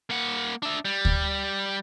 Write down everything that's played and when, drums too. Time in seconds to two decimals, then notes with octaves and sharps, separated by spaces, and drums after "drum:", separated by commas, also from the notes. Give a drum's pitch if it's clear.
0.10 A#3 F#5
0.62 D4 E5
0.85 G3
1.05 drum: kick D2